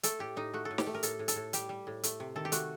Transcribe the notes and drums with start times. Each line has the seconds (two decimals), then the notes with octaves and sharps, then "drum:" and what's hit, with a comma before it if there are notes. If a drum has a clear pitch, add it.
0.03 A3 A4, drum: hi-hat
0.19 A2 G4
0.36 A2 D#4
0.53 A3 F#4
0.65 A4
0.71 A2
0.78 G4, drum: snare
0.87 A3
0.94 A#4
1.03 A2 A4, drum: hi-hat
1.19 A2
1.28 A4, drum: hi-hat
1.36 A2
1.53 G3 G4, drum: hi-hat
1.69 G3
1.87 A2
2.03 A3, drum: hi-hat
2.20 C3
2.36 D#3 A4
2.45 G4
2.52 A3 F#4, drum: hi-hat